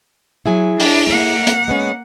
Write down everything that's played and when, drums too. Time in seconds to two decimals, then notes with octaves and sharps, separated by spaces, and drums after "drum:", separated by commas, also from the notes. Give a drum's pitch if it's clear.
0.46 F#3 E4 G#4 G#5
0.80 D4, drum: open hi-hat
1.09 A#3 F#5
1.47 drum: hi-hat
1.68 G#3 B3 C#4